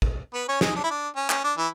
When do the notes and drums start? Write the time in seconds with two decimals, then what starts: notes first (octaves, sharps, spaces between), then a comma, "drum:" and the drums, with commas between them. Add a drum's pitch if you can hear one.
0.02 drum: kick
0.34 B3 B4
0.49 C#4 C#5
0.61 G#3 G#4, drum: snare
0.76 D4
0.84 E4
0.91 D4
1.16 C#4
1.30 C#4, drum: clap
1.44 D4
1.58 E3 E4